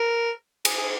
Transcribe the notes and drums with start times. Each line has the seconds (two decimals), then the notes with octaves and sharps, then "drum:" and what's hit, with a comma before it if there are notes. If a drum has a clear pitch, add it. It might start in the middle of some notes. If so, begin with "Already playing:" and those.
Already playing: A#4
0.65 G#4, drum: cymbal
0.78 G#4